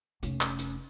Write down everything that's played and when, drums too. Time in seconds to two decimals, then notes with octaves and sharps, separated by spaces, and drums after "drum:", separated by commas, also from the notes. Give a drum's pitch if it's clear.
0.23 F1 C#4, drum: hi-hat
0.41 drum: clap
0.59 drum: hi-hat